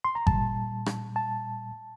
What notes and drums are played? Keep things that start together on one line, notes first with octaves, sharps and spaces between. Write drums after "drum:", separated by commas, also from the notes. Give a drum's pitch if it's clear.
C6
A#5
A#2 G3 A5, drum: kick G#1
drum: rim click
A5